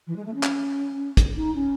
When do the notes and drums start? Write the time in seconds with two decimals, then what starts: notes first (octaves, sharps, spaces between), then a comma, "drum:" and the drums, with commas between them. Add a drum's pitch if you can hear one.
0.07 E3
0.16 G#3
0.25 A3
0.34 C#4
0.43 drum: clap
1.17 drum: kick, hi-hat
1.36 D#4
1.54 C#4